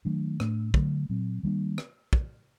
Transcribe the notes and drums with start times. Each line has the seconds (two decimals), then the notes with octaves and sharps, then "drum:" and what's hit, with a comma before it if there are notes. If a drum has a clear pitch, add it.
0.05 D#3 F#3 A3 D4
0.40 A2 A3 D4, drum: rim click
0.74 D3 F#3 A3, drum: kick
1.09 A#2 F#3 C4
1.43 D#3 G3 A#3 D4
1.78 drum: rim click
2.13 drum: kick